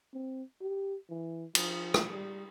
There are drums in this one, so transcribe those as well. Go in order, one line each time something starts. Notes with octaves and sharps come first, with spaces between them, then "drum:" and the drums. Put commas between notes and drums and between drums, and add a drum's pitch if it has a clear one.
C4
G4
E3
F3, drum: cymbal
drum: rim click
G3